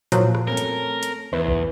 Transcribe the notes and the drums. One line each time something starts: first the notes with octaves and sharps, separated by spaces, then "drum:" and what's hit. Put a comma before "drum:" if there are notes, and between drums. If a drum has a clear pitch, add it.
A#2 F3 F#3, drum: hi-hat
drum: rim click
A3 C4 C#4 A#4
drum: hi-hat
drum: hi-hat
E2 E4 B4
drum: kick A#1